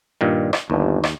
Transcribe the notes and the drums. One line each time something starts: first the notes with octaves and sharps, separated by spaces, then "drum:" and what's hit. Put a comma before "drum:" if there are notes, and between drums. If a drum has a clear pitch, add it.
G2 A#2 D#3
drum: rim click
G1 D#2
drum: rim click